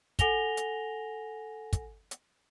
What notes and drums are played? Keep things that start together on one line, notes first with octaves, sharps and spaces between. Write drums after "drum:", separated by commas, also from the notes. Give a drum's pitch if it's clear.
A4 F#5 G#5 A#6 F7 G7, drum: kick, hi-hat
drum: hi-hat
drum: kick, hi-hat
drum: hi-hat